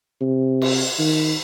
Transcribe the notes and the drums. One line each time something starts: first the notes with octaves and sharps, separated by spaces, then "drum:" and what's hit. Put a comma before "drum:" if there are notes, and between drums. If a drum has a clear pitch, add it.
C3
drum: cymbal
D#3